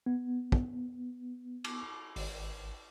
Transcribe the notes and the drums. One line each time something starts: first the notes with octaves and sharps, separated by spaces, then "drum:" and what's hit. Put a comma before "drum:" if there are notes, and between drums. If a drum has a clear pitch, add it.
B3
drum: kick
drum: cymbal
G#1, drum: open hi-hat